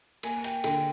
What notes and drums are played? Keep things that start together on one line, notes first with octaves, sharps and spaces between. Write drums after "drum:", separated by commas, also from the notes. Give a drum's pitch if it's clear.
A#3 G#5, drum: cymbal
G5, drum: cymbal
D3 G5, drum: cymbal